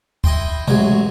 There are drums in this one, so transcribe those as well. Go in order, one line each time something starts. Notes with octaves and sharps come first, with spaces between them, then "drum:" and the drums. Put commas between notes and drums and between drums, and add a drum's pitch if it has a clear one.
E4 D#5 G5 C6, drum: kick
A1 F#3 G#3 E5, drum: tom B2